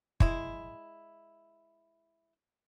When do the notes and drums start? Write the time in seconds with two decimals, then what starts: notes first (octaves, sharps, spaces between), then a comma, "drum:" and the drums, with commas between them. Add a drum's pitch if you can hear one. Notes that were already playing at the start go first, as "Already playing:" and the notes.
0.20 G#3 E4, drum: kick